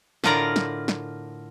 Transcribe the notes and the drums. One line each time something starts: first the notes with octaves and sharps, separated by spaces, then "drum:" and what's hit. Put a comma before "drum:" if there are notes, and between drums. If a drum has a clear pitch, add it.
A2 D3 F4 A#4 D5 A#5, drum: snare
drum: snare
drum: snare